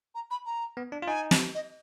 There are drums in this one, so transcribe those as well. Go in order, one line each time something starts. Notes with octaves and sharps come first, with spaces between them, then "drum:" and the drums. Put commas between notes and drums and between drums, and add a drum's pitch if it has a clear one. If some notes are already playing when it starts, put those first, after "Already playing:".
A#5
B5
A#5
B3
D4
F4
D#4 G#5
drum: snare
D#5